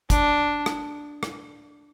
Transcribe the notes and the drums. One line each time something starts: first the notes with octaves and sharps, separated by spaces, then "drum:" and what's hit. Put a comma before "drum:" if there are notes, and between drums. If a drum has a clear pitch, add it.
D4, drum: kick, hi-hat
drum: rim click
drum: rim click